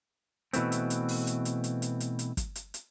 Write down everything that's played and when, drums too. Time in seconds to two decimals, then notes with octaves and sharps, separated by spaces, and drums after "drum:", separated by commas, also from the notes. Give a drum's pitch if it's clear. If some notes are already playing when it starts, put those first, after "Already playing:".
0.53 B2 E3 A3 C4, drum: hi-hat
0.72 drum: hi-hat
0.90 drum: hi-hat
1.09 drum: open hi-hat
1.27 drum: hi-hat
1.45 drum: hi-hat
1.64 drum: hi-hat
1.82 drum: hi-hat
2.00 drum: hi-hat
2.19 drum: hi-hat
2.37 drum: kick, hi-hat
2.55 drum: hi-hat
2.74 drum: hi-hat